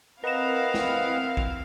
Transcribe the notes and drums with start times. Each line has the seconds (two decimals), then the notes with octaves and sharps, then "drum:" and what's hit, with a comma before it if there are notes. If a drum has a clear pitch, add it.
0.24 C4 E4 A#4 B4 D#5 F5 F#5 E7
0.74 drum: snare
1.37 drum: kick B1